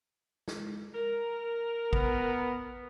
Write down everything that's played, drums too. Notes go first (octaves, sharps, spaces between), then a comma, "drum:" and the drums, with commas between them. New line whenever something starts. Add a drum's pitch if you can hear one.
drum: snare
A#4
B3, drum: kick